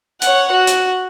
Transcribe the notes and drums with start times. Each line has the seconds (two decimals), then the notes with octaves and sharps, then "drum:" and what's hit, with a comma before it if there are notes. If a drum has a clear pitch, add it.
0.22 C#5 F#5, drum: hi-hat
0.51 F#4
0.67 drum: hi-hat